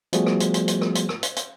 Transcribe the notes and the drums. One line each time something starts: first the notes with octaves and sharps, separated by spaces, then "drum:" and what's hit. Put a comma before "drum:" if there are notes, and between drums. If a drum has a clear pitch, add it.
F3 G3 A3 B3 F#4 G#4, drum: hi-hat
drum: rim click
drum: hi-hat
drum: hi-hat
drum: hi-hat
drum: rim click
drum: hi-hat
drum: rim click
drum: hi-hat
drum: hi-hat